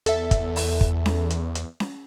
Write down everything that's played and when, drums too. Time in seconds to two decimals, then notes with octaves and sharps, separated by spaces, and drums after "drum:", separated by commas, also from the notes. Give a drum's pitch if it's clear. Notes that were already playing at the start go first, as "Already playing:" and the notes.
0.06 E2 A4 E5, drum: hi-hat
0.31 drum: kick, hi-hat
0.56 drum: open hi-hat
0.81 drum: kick
1.06 drum: snare C#4
1.30 drum: hi-hat
1.55 drum: hi-hat
1.80 drum: snare C#4